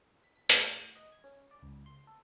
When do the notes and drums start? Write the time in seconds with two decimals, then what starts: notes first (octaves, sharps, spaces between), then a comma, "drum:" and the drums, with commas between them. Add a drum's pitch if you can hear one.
0.24 B6
0.36 B6
0.49 A2, drum: hi-hat
0.81 F#5
0.95 D#5
1.12 G#6
1.24 C#4
1.51 D5
1.63 C#2
1.86 C6
2.07 A4